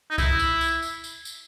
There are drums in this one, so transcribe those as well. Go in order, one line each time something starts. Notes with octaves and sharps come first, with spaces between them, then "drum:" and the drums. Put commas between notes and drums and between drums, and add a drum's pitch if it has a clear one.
D#4
E4, drum: kick C2, tambourine
drum: tambourine
drum: tambourine
drum: tambourine
drum: tambourine
drum: tambourine